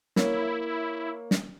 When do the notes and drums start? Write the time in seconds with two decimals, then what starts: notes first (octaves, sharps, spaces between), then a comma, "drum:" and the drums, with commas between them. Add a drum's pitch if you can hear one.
0.16 A#3 E4 C#5, drum: snare
1.31 drum: snare